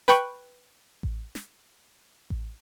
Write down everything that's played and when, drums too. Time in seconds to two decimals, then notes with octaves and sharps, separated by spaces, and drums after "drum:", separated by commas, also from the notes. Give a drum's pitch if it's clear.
0.08 B4 G5 B5 C#6, drum: snare
1.03 drum: kick A1
1.35 drum: snare
2.30 drum: kick A1